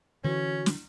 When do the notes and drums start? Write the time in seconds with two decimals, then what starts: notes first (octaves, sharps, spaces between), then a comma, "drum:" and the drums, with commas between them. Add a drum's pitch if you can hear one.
0.24 D3 E3 C#4 F#4
0.66 drum: snare